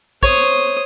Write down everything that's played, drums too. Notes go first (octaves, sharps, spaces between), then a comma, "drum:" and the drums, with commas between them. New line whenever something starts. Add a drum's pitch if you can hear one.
C5 C#5 D#6, drum: kick